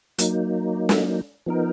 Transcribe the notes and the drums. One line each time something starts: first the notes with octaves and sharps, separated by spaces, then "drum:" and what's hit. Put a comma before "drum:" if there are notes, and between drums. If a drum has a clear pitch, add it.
F#3 A#3 D#4, drum: hi-hat
drum: snare
F3 B3 D#4 A#4